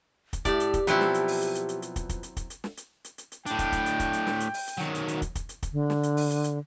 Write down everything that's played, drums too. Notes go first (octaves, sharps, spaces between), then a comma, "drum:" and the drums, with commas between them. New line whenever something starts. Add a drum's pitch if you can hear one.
drum: kick, hi-hat
A2 A3 G4 D5, drum: kick, hi-hat
drum: hi-hat
drum: kick, hi-hat
B2 F3 F#3 C4 E4, drum: hi-hat
drum: snare
drum: hi-hat
drum: open hi-hat
drum: hi-hat
drum: hi-hat
drum: hi-hat
drum: hi-hat
drum: kick, hi-hat
drum: kick, hi-hat
drum: hi-hat
drum: kick, hi-hat
drum: hi-hat
drum: snare
drum: hi-hat
drum: hi-hat
drum: hi-hat
drum: hi-hat
A2 D4 G5, drum: hi-hat
drum: kick, hi-hat
drum: kick, hi-hat
drum: hi-hat
drum: kick, hi-hat
drum: hi-hat
drum: snare
drum: hi-hat
drum: open hi-hat
drum: hi-hat
D#3 F#3
drum: hi-hat
drum: hi-hat
drum: kick, hi-hat
drum: kick, hi-hat
drum: hi-hat
drum: kick, hi-hat
D3
drum: snare
drum: hi-hat
drum: open hi-hat
drum: hi-hat
drum: hi-hat